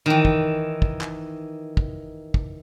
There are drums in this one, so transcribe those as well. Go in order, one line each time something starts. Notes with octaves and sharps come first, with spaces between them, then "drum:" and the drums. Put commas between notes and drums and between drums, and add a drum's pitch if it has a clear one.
D#3 E3
drum: kick
drum: kick
drum: clap
drum: kick
drum: kick